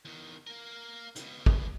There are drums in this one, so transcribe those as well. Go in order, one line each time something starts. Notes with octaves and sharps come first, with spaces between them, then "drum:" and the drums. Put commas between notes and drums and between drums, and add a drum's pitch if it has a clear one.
E2 D#3
A#3 A#4
C#2 B2, drum: hi-hat
drum: kick